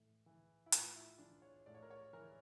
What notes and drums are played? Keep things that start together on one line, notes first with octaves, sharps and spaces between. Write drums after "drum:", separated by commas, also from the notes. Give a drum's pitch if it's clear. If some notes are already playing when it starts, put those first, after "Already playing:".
Already playing: A2 E3
E3
E4
A2 F4, drum: hi-hat
E4
E3 D4
C#5
A2 D5
C#5
A#4
C#5
E3 A#4